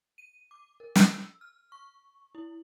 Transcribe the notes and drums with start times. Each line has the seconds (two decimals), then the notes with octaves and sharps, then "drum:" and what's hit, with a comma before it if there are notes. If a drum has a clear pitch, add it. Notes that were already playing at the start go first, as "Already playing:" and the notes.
0.18 D#7
0.51 D6
0.80 A#4
0.96 E6, drum: snare
1.41 F6
1.72 C#6
2.35 E4